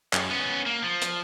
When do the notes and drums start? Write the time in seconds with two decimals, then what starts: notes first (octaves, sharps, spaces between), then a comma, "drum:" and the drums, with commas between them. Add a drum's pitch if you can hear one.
0.13 F#2, drum: clap
0.30 B3 C#4
0.66 A#3
0.84 F3
1.02 drum: hi-hat